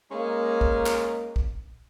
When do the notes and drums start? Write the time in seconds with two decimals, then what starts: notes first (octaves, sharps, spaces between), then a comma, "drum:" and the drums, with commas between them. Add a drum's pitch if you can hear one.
0.11 G#3 A#3 C#4 D#4
0.61 drum: kick
0.86 drum: clap
1.36 drum: kick